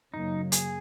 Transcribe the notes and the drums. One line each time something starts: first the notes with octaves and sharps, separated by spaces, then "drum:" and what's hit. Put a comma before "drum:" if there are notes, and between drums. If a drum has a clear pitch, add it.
F#2 C#3 F#3 A#3 D#4
G#4, drum: hi-hat